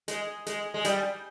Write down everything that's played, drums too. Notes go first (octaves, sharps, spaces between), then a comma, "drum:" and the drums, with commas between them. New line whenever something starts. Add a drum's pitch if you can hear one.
G#3, drum: hi-hat
G#3, drum: hi-hat
G#3
G3, drum: hi-hat